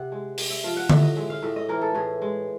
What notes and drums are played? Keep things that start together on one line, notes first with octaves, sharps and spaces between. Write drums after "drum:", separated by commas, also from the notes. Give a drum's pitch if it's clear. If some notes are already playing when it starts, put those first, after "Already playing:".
Already playing: C3 F#5
G#3
C3, drum: open hi-hat
E5
F3 F5
F#5
A2 E5, drum: tom D3
D#5
G#3 E5
F5
A2 E5
D#5
E3 A#4
A4
A2 G#4
G#3